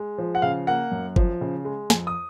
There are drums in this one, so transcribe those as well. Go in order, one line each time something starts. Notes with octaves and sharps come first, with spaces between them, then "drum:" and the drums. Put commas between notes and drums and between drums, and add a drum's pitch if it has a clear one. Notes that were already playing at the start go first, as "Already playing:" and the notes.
Already playing: G#3
F3
F#5
C#3 F5
A#3 F#5
F#2
F3, drum: kick G1
C#3
G#3
F2 G#5, drum: snare
D#6